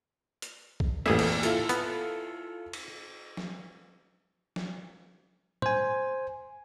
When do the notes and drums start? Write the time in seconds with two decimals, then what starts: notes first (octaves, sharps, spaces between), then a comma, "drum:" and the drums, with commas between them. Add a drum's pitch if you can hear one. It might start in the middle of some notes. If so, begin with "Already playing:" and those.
0.42 drum: hi-hat
0.80 drum: kick A#1
1.06 A1 F2 A#2 A3 G#4 E5
1.19 drum: cymbal
1.43 E4 F4 A4, drum: hi-hat
1.69 B3, drum: hi-hat
2.73 drum: cymbal
3.37 drum: snare
4.56 drum: snare
5.62 C5 G#5, drum: tom A2